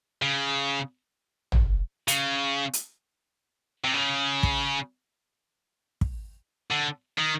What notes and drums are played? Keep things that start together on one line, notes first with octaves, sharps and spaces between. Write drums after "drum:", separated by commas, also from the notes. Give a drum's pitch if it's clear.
C#3
drum: tom
C#3, drum: hi-hat
drum: hi-hat
C3
C#3
drum: kick
drum: kick
D3
D#3